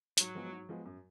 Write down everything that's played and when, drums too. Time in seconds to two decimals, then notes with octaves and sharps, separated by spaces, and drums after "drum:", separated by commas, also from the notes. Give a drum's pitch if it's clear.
0.18 G#2 F#3, drum: hi-hat
0.35 F3 G#3 B3
0.52 G#2
0.69 F3 G#3 B3
0.85 F#2